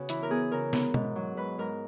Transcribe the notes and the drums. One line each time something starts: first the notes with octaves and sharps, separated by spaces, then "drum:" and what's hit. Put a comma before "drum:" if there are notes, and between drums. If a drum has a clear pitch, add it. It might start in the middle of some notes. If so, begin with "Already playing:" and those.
Already playing: C#3 B3 F#4
E3 E4, drum: hi-hat
A#4
B3 G#4
C#3 A#4
B3, drum: snare
G#2, drum: tom B2
F#3
G#2 B4
G#2 A#4